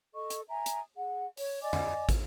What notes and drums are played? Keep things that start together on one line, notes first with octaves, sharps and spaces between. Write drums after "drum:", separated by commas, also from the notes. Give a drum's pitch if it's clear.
A4 D#5 C#6
drum: hi-hat
E5 G#5 A#5
drum: hi-hat
G#4 F#5
C#5, drum: open hi-hat
D5 D#5 G#5 D6
drum: tom F2
drum: kick, hi-hat